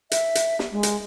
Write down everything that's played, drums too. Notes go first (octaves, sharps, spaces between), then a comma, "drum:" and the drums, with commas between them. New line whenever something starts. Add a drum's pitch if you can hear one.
E5, drum: hi-hat
drum: hi-hat
drum: snare
G#3
drum: hi-hat